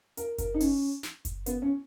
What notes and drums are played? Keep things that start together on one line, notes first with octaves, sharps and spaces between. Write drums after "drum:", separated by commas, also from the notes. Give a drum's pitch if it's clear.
A#4, drum: hi-hat
A#4, drum: kick F#1, hi-hat
D#4
C#4, drum: open hi-hat
drum: snare
drum: kick F#1, hi-hat
B3, drum: hi-hat
C#4